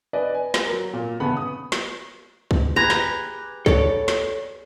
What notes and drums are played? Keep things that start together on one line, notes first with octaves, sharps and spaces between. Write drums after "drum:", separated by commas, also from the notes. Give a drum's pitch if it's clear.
B4 D5 D#5 G#5
G#5
drum: snare
F#3 A#4
A#2
E2 G2 C#3 B3 F#5 B5
D#6
drum: snare
drum: kick
G4 G#4 B4 A#5
drum: snare
A4 C#5 D5, drum: kick
drum: snare